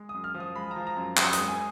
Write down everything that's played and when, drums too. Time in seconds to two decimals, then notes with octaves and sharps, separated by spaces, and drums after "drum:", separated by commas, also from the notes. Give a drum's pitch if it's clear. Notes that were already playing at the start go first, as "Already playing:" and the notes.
Already playing: G#3
0.09 D#6
0.14 F#2
0.24 F6
0.34 F3
0.40 D#6
0.55 G#3 B5
0.71 A#5
0.76 F3
0.87 A#5
0.97 F#2
1.17 F#2 D#6, drum: clap
1.33 G#3 D#6, drum: hi-hat
1.48 G#5